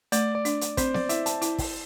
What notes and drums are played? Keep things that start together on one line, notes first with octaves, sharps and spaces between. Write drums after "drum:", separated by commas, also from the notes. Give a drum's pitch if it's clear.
A3 D5, drum: hi-hat
D5
D4, drum: hi-hat
drum: hi-hat
C4 C5, drum: kick, hi-hat
D5, drum: snare B3
E4 E5, drum: hi-hat
A5, drum: hi-hat
E4, drum: hi-hat
drum: kick, open hi-hat